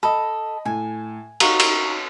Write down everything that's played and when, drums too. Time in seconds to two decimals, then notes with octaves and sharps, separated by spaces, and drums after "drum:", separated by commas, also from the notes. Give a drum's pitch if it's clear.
0.03 A4 D#5 B5
0.65 A2 G#5
1.40 D#4 F#4 F5 A#5 C#6, drum: cymbal
1.60 drum: cymbal